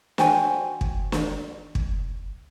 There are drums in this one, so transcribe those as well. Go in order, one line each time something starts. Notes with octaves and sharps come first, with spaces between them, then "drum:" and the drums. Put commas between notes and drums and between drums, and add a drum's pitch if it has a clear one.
F#4 C5 G5 G#5, drum: snare
drum: kick
drum: snare
drum: kick